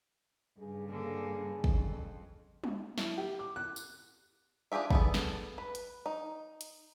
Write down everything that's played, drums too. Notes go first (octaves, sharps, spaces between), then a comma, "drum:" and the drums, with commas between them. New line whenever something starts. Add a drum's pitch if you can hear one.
G2 C#3 G#4
D3 A#3 G#4
F2, drum: kick
drum: tom G3
E4, drum: snare
G4
D6
F#6
drum: tambourine
D4 F4 G4 G#4 E5
B3 G#4 A4, drum: kick
drum: snare
B4
drum: hi-hat
D#4
drum: hi-hat